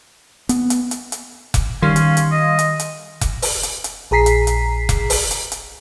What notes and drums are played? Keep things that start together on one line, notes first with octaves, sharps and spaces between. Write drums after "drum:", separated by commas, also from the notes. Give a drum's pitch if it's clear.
B3, drum: hi-hat
drum: hi-hat
drum: hi-hat
drum: hi-hat
drum: kick F1, hi-hat
D#3 G3 C#4 F5 C6
drum: hi-hat
drum: hi-hat
D#5
drum: hi-hat
drum: hi-hat
drum: kick F1, hi-hat
drum: open hi-hat
drum: hi-hat
drum: hi-hat
A#1 G#4 A#5 B6 C7
drum: hi-hat
drum: hi-hat
drum: kick F1, hi-hat
drum: open hi-hat
drum: hi-hat
drum: hi-hat